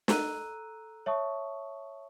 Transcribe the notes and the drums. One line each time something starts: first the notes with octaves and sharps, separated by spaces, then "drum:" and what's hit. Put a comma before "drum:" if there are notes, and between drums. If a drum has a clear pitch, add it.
A4 A#5 E6 F#6 D#7, drum: snare
C#5 E5 A5 C#6 D#6